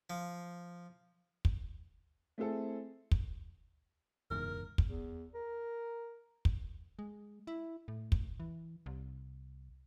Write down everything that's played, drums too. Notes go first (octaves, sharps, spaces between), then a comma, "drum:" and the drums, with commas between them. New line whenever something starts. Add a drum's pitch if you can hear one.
F3
drum: kick
A3 C4 E4 G#4 A4
drum: kick
F#1 E2 G#2 A#4
drum: kick
E2
A#4
drum: kick
G#3
E4
A2
drum: kick
E3
C2